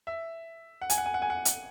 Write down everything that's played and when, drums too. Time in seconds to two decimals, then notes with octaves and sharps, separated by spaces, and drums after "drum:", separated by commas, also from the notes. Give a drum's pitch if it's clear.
0.07 E5
0.82 F#5
0.90 G#5, drum: hi-hat
0.98 F#5
1.06 G#5
1.14 F#5
1.22 G#5
1.30 F#5
1.45 drum: hi-hat